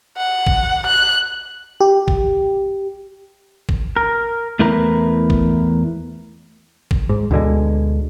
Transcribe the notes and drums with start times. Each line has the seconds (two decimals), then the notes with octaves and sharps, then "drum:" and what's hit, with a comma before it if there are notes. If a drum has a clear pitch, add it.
0.17 F#5
0.47 drum: kick G#1
0.87 F#6
1.81 G4
2.08 drum: kick G#1
3.69 drum: kick G#1
3.97 A#4
4.59 E2 A3 E4 A#4 B4 A#5
5.30 drum: kick G#1
6.91 drum: kick G#1
7.09 G#2
7.31 D2 B2 D3 G#3